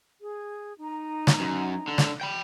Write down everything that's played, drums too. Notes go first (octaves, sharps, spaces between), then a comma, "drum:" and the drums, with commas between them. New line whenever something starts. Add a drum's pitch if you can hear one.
G#4
D#4 A#5
drum: snare
F#2
D3
drum: snare
G5 B5